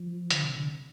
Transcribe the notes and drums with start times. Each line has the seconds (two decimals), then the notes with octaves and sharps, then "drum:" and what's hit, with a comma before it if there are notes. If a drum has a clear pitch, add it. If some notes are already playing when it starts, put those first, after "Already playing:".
Already playing: F3
0.31 D3, drum: hi-hat
0.43 C3
0.55 D3